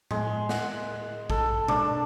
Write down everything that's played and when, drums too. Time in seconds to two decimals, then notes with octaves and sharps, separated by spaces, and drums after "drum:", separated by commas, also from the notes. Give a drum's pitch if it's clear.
0.11 G#3, drum: tom A2
0.49 F#5, drum: snare
1.30 A4, drum: kick A1
1.68 D4, drum: tom B2